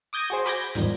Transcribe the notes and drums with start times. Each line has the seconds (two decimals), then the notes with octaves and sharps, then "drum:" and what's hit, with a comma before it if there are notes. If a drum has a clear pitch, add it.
0.13 D6 D#6 G6 G#6 A#6
0.30 F#4 G#4 C5
0.46 B5 D6 G6 G#6 A#6, drum: hi-hat
0.75 E2 G#2 D#3 F3 G3, drum: hi-hat